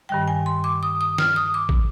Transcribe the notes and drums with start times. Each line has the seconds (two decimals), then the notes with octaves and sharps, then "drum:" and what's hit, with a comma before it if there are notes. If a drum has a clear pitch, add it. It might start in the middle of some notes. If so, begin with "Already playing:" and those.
0.09 G2 D#3 G3 G5
0.28 G#5
0.46 C6
0.64 D6
0.83 D#6
1.01 D#6
1.18 F6, drum: snare
1.36 D#6
1.54 D6
1.69 drum: kick